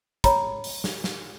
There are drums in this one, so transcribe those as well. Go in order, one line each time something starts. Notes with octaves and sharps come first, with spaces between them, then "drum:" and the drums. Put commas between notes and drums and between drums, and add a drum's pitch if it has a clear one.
C#5 A#5 B5, drum: kick, hi-hat
drum: open hi-hat
drum: snare
drum: snare